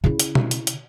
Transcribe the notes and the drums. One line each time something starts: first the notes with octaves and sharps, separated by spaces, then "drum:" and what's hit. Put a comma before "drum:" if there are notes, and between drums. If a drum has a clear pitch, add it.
C#3 E4
drum: hi-hat
drum: tom B2
drum: hi-hat
drum: hi-hat